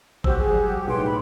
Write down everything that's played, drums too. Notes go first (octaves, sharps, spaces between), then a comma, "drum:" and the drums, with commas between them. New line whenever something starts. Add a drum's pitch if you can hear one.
F#4 G4 C5 E6, drum: kick G#1
G#4
G3
B1 A2 B4 C#5 G5 C6
B5